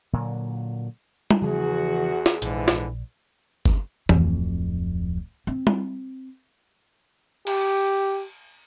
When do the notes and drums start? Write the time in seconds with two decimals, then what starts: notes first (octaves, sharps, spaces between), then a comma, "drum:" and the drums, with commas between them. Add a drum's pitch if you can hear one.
0.13 A#2 D3 F#3
1.31 drum: tom
1.42 E2 C#3 E3 F3 F#4 G#4
2.26 drum: snare
2.42 A#1 G#2 D3 E3, drum: hi-hat
2.68 drum: snare
3.66 drum: kick G1
4.09 D1 F2, drum: tom E3
5.47 C4
5.67 drum: tom
7.47 G4, drum: cymbal